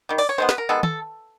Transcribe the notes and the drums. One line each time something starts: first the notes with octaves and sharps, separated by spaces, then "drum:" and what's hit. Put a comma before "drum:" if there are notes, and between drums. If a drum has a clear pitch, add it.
D#3 G3
D5, drum: open hi-hat
C#5
D#3 G#3 B3 C5
B4, drum: snare
A#4
D#3 G#3 B3 A4
A4, drum: tom